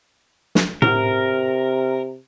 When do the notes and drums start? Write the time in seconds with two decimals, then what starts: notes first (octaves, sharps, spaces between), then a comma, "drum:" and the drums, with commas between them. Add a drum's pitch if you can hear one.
0.55 drum: snare
0.82 C3 A#4, drum: tom A2